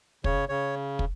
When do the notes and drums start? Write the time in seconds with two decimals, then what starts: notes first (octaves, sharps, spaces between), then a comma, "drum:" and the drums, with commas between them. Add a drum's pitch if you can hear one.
0.24 C#3 C#5, drum: kick
0.49 C#3 C#5
0.99 drum: kick